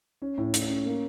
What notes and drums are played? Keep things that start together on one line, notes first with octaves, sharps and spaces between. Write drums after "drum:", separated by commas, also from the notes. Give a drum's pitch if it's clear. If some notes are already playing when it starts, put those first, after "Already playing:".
C#4
A2
A2, drum: hi-hat
C#4
A#3